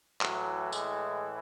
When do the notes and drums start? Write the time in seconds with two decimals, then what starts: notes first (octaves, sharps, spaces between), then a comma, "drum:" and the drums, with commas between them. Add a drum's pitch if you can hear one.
0.21 A2 E3 F#3, drum: clap
0.72 G#3, drum: tambourine